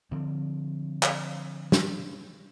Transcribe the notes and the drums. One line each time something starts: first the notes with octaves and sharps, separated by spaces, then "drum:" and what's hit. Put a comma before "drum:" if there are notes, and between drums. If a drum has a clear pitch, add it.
D3 F3 C4
drum: clap
drum: snare